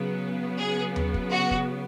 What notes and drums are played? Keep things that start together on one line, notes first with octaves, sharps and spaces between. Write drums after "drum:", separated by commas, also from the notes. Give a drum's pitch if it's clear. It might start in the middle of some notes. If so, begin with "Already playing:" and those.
Already playing: C#3 F#3 B3
G#4
drum: tom D#2
drum: kick
F#4
drum: kick